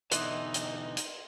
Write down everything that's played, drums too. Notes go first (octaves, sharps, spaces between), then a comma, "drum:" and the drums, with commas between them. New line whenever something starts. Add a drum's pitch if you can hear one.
B2 D3 E3 D#4 D#5 C6, drum: hi-hat
drum: hi-hat
drum: hi-hat